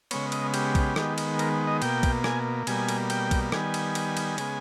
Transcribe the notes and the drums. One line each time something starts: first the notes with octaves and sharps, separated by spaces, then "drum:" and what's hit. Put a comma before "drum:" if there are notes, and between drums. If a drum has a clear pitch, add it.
C#3 G#3 B3 C#5, drum: cymbal
D#5, drum: cymbal
G4, drum: cymbal
drum: kick, cymbal
D#3 G#3 B3, drum: rim click
drum: cymbal
A#4, drum: cymbal
D#5
B2 A#3 G5, drum: cymbal
drum: kick, cymbal
G#5, drum: rim click
B2 G3 A#3 G#5, drum: cymbal
drum: cymbal
G5, drum: cymbal
drum: kick, cymbal
D#3 G3 B3 G#5, drum: rim click
drum: cymbal
drum: cymbal
drum: cymbal
C#3 G#3 B3, drum: cymbal